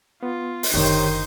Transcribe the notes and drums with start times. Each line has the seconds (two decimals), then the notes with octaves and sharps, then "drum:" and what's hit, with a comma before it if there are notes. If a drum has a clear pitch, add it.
0.23 B3 F4
0.63 drum: open hi-hat
0.74 F#1 D3 D#3 D#4 G4 C5 C#5